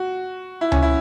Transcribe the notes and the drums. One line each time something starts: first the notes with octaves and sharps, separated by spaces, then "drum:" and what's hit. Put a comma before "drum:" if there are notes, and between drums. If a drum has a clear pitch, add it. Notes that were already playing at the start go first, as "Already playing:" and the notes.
Already playing: F#4
E4
C#4, drum: tom C#2
E4